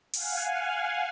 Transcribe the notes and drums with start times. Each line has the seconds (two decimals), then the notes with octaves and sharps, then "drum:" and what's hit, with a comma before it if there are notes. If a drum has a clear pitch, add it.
0.13 F5 F#5 G#5, drum: open hi-hat